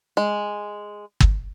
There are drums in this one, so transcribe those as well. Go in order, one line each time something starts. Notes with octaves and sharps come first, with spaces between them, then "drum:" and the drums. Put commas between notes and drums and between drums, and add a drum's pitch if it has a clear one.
G#3
drum: kick